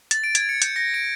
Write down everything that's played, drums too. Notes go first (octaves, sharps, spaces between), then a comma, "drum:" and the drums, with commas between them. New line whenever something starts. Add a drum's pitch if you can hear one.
A6, drum: hi-hat
D7
G#6, drum: hi-hat
C#7
G6, drum: hi-hat
A#6
D7